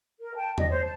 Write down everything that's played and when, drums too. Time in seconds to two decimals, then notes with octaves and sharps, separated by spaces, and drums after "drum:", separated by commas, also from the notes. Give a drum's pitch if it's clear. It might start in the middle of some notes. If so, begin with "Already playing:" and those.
0.20 A#4
0.35 G5 A5
0.58 D5 D#5, drum: tom E2
0.69 C5 C#5
0.82 A5